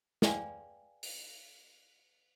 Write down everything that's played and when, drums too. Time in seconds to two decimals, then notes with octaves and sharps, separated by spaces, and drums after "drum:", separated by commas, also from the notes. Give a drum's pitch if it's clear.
0.22 G#4 B4 D5 F5 G5 G#5, drum: snare
1.03 drum: open hi-hat